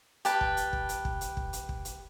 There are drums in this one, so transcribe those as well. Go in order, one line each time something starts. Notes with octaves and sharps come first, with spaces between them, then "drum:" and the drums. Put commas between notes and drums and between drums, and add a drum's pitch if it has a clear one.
G4 B4 A5, drum: hi-hat
drum: kick
drum: hi-hat
drum: kick
drum: hi-hat
drum: kick
drum: hi-hat
drum: kick
drum: hi-hat
drum: kick
drum: hi-hat